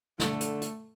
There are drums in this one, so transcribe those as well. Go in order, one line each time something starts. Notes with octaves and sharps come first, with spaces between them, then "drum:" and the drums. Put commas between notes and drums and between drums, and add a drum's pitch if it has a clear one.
D3 A3, drum: snare
drum: hi-hat
drum: hi-hat